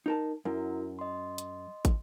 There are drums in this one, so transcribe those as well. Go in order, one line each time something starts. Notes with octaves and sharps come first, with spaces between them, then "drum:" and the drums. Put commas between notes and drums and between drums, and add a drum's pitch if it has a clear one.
D#4 A#4 A5
F#2 E4 F#4 A#4
D#5 C6
drum: hi-hat
drum: kick, hi-hat